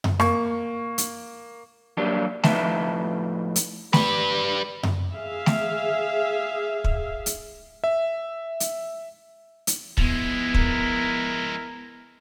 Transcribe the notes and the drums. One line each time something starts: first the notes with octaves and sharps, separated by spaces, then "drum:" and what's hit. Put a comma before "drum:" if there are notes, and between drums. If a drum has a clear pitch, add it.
drum: tom F#2
A#3 C#6, drum: rim click
drum: hi-hat
F#3 G3 A#3 D4 G4
A2 F3 D#4 B4 E5 A5, drum: snare A3
drum: hi-hat
G3 B4, drum: snare A3
drum: tom F#2
G#4 E5 F5
drum: snare A3
drum: kick
drum: hi-hat
E5
drum: hi-hat
drum: hi-hat
F3 G#3 B3 E4, drum: kick
A#4, drum: kick